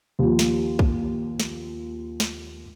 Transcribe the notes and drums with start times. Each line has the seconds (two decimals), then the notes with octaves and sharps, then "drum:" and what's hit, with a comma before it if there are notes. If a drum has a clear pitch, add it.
0.19 D#2 F3
0.39 drum: snare
0.79 drum: kick
1.40 drum: snare
2.20 drum: snare